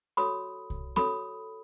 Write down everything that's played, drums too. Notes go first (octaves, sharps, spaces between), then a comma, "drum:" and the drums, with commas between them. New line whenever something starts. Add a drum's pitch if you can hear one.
F#4 A4 C#5 B5 D#6
drum: kick C2
F#4 A4 C#5 B5 D#6, drum: snare C4